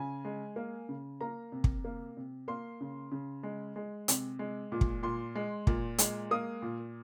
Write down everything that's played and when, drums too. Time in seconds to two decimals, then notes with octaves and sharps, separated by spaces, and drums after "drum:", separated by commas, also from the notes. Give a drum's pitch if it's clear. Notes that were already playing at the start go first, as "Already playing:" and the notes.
Already playing: C#3 G#5
0.25 G#3
0.56 A#3
0.89 C#3
1.21 A#3 A#5
1.52 C3
1.64 drum: kick
1.84 A#3
2.17 C3
2.48 A#3 C6
2.81 C#3
3.12 C#3
3.43 G#3
3.76 G#3
4.08 C3, drum: hi-hat
4.39 G#3
4.72 A#2
4.81 drum: kick
5.03 A#2 C6
5.35 G#3
5.67 A#2, drum: kick
5.98 G#3, drum: hi-hat
6.31 A#3 D#6
6.62 A#2